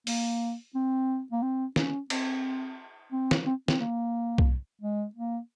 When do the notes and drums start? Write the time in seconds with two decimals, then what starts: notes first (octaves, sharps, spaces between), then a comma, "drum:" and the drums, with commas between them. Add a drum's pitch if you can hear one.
0.07 A#3, drum: open hi-hat
0.75 C4
1.32 A#3
1.42 C4
1.76 C#4, drum: snare
2.10 C4, drum: cymbal
3.12 C4
3.31 drum: snare
3.46 C4
3.68 C4, drum: snare
3.80 A#3
4.38 drum: kick B1
4.81 G#3
5.15 A#3